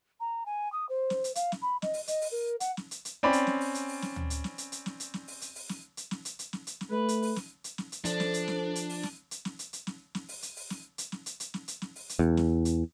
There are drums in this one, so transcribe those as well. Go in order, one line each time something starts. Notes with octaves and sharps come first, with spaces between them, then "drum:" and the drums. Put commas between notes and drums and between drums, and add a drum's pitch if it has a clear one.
A#5
G#5
D#6
C5
drum: snare
drum: hi-hat
F5, drum: hi-hat
drum: snare
B5
D#5, drum: snare
drum: open hi-hat
D#5, drum: hi-hat
drum: open hi-hat
A#4
F#5, drum: hi-hat
drum: snare
drum: hi-hat
drum: hi-hat
C4 C#4 D5 B5
drum: hi-hat
drum: snare
drum: open hi-hat
drum: hi-hat
drum: open hi-hat
drum: snare
drum: tom D2
drum: hi-hat
drum: snare
drum: hi-hat
drum: hi-hat
drum: snare
drum: hi-hat
drum: snare
drum: open hi-hat
drum: hi-hat
drum: open hi-hat
drum: snare
drum: hi-hat
drum: snare
drum: hi-hat
drum: hi-hat
drum: snare
drum: hi-hat
drum: snare
A3 B4
drum: hi-hat
drum: open hi-hat
drum: snare
drum: hi-hat
drum: snare
drum: hi-hat
F3 D4 A4 C5, drum: hi-hat
drum: snare
drum: hi-hat
drum: snare
drum: hi-hat
drum: open hi-hat
drum: snare
drum: hi-hat
drum: snare
drum: hi-hat
drum: hi-hat
drum: snare
drum: snare
drum: open hi-hat
drum: hi-hat
drum: open hi-hat
drum: snare
drum: hi-hat
drum: snare
drum: hi-hat
drum: hi-hat
drum: snare
drum: hi-hat
drum: snare
drum: open hi-hat
drum: hi-hat
E2
drum: snare
drum: hi-hat